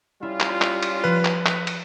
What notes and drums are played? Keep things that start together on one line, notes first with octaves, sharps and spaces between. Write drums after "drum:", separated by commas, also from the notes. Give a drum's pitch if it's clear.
G3 C#4 E4 F4
drum: clap
drum: clap
drum: cymbal
F3 B4 F#6
drum: clap
drum: clap
drum: cymbal